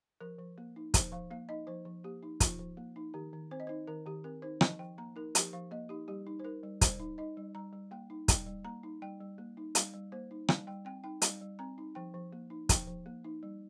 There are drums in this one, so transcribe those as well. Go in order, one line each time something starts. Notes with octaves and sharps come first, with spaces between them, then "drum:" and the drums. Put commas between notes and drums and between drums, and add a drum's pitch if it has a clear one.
F3 A#4
F3
A#3
D#4
F3 C5, drum: kick, hi-hat
F3 F5
A#3 F5
D#4 D#5
F3 C5
F3
A#3 G4
D#4
F3 F4, drum: kick, hi-hat
F3
A#3
D#4
D#3 G4
D#3
C4 C5
D#5
D#4 C5
D#3 A#4
D#3 G4
C4 A#4
D#4 C5
F3 D#5, drum: rim click
F3 G5
A#3 A#5
D#4 A#4
F3 G4, drum: hi-hat
F3 F5
A#3 D#5
D#4 G4
G3 G4
D#4
C5
D#4 A#4
G3
G3 C5, drum: kick, hi-hat
D#4
D#4 D#5
G3
G3 A#5
G3
A#3 G5
D#4
G3 G5, drum: kick, hi-hat
G3
A#3 A#5
D#4
G3 G5
G3
A#3
D#4
G3 F5, drum: hi-hat
G3
A#3 C5
D#4
G3 F5, drum: rim click
G3 G5
C4 G5
D#4 G5
G3 F5, drum: hi-hat
G3
C4 A#5
D#4
F3 G5
F3
A#3
D#4
F3 G5, drum: kick, hi-hat
F3
A#3
D#4
G3